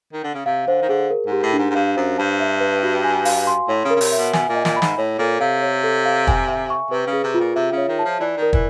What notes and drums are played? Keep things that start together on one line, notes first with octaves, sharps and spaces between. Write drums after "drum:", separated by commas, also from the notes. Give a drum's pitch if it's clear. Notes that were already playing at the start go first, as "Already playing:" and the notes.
D#3
D3
C#3
C3 F5
D3 C5
D#3
D3 G#4
A#4
G#2
G4
A2
D4
G#2
G#2
G2 F5
F#2 C5
G2 A5
E5
B4
F#4
G#5
F5, drum: open hi-hat
C6
A2 C#5
C#3
A#4
C#3
C3, drum: open hi-hat
E5
B2
B2 G#5, drum: snare
A#2
D#5
A#2, drum: snare
B5
G#2, drum: snare
A2 C#5
A#2 A4
C3 F5
C#5
A4
F5
G#5, drum: kick
E5
C#6
C3 B4
C#3
G#4
C3
F4
A#2
C3 E5
C#3
C#5
D#3
A5
F3
E3 D5
D#3
A#4
E3, drum: kick